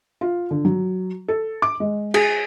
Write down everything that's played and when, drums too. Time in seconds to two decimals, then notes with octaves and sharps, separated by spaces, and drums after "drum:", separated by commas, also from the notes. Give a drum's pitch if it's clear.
0.21 F4
0.51 D3
0.65 F#3
1.28 A4
1.62 D6
1.80 G#3
2.14 G#4, drum: cymbal